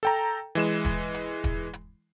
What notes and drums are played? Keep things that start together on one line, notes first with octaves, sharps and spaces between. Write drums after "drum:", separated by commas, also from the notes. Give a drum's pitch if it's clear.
A4 G5 A#5
E3 G#3 E7, drum: hi-hat
drum: kick, hi-hat
drum: hi-hat
drum: kick, hi-hat
drum: hi-hat